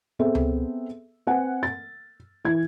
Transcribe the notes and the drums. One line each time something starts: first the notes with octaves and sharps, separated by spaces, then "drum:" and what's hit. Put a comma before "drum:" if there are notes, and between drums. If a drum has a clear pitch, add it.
B3 C4 G#4 A4 E5
drum: tom C#2
C4 B4 F#5 G#5
A6
E3 G#6